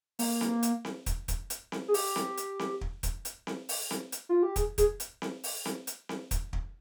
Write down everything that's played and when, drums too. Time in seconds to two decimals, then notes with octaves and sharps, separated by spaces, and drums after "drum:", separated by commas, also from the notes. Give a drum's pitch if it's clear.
0.19 A#3, drum: open hi-hat
0.41 drum: snare C4
0.63 drum: hi-hat
0.85 drum: snare C4
1.06 drum: kick, hi-hat
1.28 drum: kick, hi-hat
1.50 drum: hi-hat
1.72 drum: snare C4
1.88 G#4
1.94 G4, drum: open hi-hat
2.16 drum: snare C4
2.38 drum: hi-hat
2.59 drum: snare C4
2.81 drum: kick
3.03 drum: kick, hi-hat
3.25 drum: hi-hat
3.47 drum: snare C4
3.69 drum: open hi-hat
3.91 drum: snare C4
4.12 drum: hi-hat
4.29 F4
4.43 G4
4.56 G#4, drum: kick, hi-hat
4.78 G#4, drum: kick, hi-hat
5.00 drum: hi-hat
5.22 drum: snare C4
5.44 drum: open hi-hat
5.65 drum: snare C4
5.87 drum: hi-hat
6.09 drum: snare C4
6.31 drum: kick, hi-hat
6.53 drum: kick